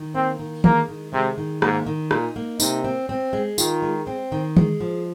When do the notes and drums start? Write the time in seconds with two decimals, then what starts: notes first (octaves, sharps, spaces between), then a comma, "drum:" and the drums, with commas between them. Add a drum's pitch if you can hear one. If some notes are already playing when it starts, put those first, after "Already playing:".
Already playing: D#3
0.15 A#3 C4
0.40 D#3
0.64 G#3 A#3, drum: tom D#3
0.89 D#3
1.13 C3 G#3
1.38 D#3
1.62 G#2 A#3, drum: rim click
1.86 D#3
2.11 A#2 D#4, drum: rim click
2.36 A#3
2.60 C3 D#4, drum: tambourine
2.84 C4
3.09 C4
3.33 G#3
3.58 D#3 F4, drum: tambourine
3.82 G#3
4.07 C4
4.32 D#3
4.57 G#3, drum: tom D#3
4.80 F3